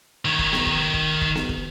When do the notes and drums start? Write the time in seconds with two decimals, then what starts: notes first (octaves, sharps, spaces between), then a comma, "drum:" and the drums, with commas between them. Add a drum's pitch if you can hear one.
0.25 D#3 C#5
0.39 drum: kick
0.53 drum: snare B3
0.66 drum: kick
0.94 drum: kick
1.22 drum: kick
1.35 drum: snare B3
1.49 drum: kick